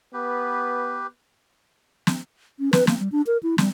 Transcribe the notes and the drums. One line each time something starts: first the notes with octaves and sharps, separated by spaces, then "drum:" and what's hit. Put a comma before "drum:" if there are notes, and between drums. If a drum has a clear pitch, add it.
B3 G4 B4
drum: snare
C#4
B4, drum: snare
A#3, drum: snare
G3
D4
A#4
E4
G3, drum: snare